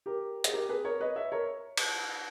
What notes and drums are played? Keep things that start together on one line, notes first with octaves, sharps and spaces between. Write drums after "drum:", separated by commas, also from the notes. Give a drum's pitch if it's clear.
G4 A#4
G#4, drum: hi-hat
G4 A#4
G#4 B4
A#4 C#5
B4 D#5
C#5 E5
A#4 C#5
drum: cymbal